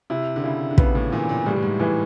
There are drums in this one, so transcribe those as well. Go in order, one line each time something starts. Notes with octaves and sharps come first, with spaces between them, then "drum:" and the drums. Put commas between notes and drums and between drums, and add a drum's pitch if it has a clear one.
C3 E4
D3
C#3 E4
D3
C#3 B3, drum: kick
A2
A#2 E3
A#2
A2 G3
A2
G#2
A2 E3